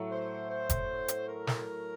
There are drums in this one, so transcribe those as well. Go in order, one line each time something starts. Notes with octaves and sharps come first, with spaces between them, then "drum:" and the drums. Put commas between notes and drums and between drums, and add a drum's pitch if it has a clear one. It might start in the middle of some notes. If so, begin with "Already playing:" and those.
Already playing: A2 F#3 A3
C5
C5
drum: kick F1, hi-hat
drum: hi-hat
A#4
drum: snare